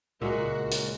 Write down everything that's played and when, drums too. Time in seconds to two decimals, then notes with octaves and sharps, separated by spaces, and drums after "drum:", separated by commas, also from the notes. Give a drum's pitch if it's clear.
0.22 C#2 A#2 G#3 F#4 A#4 E5
0.72 drum: hi-hat